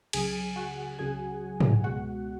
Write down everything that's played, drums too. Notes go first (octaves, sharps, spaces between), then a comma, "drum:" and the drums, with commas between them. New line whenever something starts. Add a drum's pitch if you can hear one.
C#2 C#3 F#3 G#4 G#5, drum: cymbal
F#4 F#5
C#2 C#3 F#3 G#4 G#5
drum: tom
C#2 B2 G#3 F#4 F#5